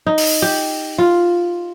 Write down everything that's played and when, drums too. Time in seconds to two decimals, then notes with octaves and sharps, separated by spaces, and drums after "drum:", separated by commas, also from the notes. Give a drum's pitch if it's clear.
0.06 D#4
0.18 drum: open hi-hat
0.42 G4
0.98 F4